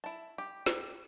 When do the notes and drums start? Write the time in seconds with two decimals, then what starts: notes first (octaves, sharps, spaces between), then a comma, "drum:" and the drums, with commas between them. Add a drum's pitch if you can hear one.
0.04 E4 A5
0.38 G4
0.66 drum: snare